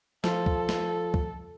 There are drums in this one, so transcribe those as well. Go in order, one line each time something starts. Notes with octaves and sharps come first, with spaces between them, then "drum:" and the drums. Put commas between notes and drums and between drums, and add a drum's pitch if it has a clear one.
F3 F4 A4, drum: snare
drum: kick
drum: snare
drum: kick